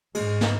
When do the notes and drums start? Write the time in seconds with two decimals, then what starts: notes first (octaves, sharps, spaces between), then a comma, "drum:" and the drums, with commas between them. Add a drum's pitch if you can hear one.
0.15 G#2 G#3, drum: cymbal
0.41 B3 D#4, drum: snare